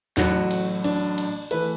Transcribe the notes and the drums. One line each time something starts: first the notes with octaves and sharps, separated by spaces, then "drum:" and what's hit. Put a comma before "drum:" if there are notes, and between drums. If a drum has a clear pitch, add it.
A1 A2 F#3 F#4, drum: snare
drum: cymbal
D4, drum: cymbal
drum: cymbal
E3 A3 B4, drum: cymbal